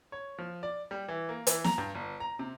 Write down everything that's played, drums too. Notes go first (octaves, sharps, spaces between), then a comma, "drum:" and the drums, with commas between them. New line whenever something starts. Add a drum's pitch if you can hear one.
C#5
F3
D5
G3
E3
A#3
E3, drum: hi-hat
A#5, drum: snare
G2
G1
A#5
C3